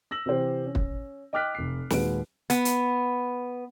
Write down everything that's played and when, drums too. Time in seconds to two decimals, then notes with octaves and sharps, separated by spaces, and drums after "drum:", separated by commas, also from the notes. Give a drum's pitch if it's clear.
0.11 E6 A#6 F#7
0.26 C3 E3 C4 G4 C5
0.66 C#4
0.75 drum: kick
1.33 D#5 G5 D6 F6 F#6 B6
1.55 F1 C7
1.90 D#1 D#2 G#3 F#4 B4 D7, drum: snare
2.50 B3, drum: hi-hat
2.65 drum: hi-hat